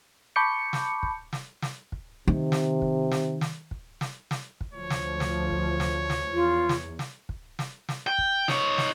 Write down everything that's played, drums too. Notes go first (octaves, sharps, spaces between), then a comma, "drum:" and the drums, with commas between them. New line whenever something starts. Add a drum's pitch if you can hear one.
A5 B5 C#6 D6 G6 C#7
drum: snare
drum: kick
drum: snare
drum: snare
drum: kick
C3 D#3
drum: snare
drum: kick
drum: snare
drum: snare
drum: kick
drum: snare
drum: snare
drum: kick
D2 F3 C#5
drum: snare
drum: snare
drum: kick
drum: snare
drum: snare
E2 F4
drum: snare
drum: snare
drum: kick
drum: snare
drum: snare
G5
drum: kick
D#4 C#5, drum: snare
drum: snare